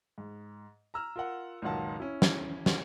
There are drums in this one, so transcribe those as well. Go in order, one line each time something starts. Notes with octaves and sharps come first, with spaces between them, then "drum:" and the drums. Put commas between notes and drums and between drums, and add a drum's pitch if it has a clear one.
G#2
A#5 E6 F6
F4 A#4 F#5
C#2 F#2 A#2 D#3 F#5 A5
C#4 E4
drum: snare
drum: snare